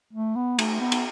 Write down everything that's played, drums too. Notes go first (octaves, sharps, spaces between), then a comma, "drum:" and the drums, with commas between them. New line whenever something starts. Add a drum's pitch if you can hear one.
A3
B3
A3, drum: cymbal
B3
drum: cymbal